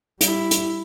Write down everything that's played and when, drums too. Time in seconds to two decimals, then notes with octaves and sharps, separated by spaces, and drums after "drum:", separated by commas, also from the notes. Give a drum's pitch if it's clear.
0.21 G3 E4, drum: hi-hat
0.51 drum: hi-hat